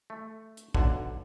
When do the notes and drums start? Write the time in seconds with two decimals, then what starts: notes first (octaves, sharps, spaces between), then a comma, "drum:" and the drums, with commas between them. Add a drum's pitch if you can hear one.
0.10 A3
0.57 drum: hi-hat
0.75 B1 D3, drum: kick